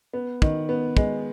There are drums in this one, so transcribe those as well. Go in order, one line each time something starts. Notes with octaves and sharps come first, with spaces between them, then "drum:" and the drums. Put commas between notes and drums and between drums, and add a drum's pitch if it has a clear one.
B3
D#3, drum: kick
B3
G#3, drum: kick